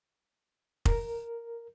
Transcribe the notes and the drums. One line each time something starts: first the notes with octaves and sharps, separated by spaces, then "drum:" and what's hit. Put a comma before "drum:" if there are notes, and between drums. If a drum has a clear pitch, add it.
A#4, drum: kick F1